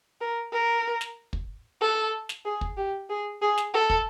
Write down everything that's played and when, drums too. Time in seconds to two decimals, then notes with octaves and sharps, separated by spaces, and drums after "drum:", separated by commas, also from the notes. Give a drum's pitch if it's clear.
0.21 A#4
0.52 A#4
1.01 drum: snare
1.33 drum: kick
1.81 A4
2.29 drum: snare
2.45 G#4
2.61 drum: kick
2.77 G4
3.09 G#4
3.42 G#4
3.58 drum: snare
3.73 A4
3.90 drum: kick